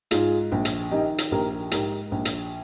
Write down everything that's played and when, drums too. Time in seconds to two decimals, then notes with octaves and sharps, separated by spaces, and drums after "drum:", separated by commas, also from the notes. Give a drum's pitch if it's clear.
0.11 G#2 F4 G#4, drum: hi-hat
0.52 A#1
0.65 drum: hi-hat
0.91 D#3 D#4 G4
1.18 drum: hi-hat
1.32 A#1 G4 A#4
1.71 G#2 G4 A#4, drum: hi-hat
2.12 A#1
2.25 drum: hi-hat